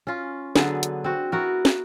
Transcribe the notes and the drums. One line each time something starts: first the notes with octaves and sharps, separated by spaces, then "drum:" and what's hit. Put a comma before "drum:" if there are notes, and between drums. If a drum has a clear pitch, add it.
C#4 F4
D3 F#3 B3 G#4, drum: snare
drum: hi-hat
C4 F#4
B3 E4 F#4 A#4
drum: snare